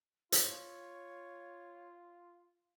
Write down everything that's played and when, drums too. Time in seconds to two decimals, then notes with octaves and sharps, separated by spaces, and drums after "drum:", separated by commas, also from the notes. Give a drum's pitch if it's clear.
0.32 F4 C#5, drum: hi-hat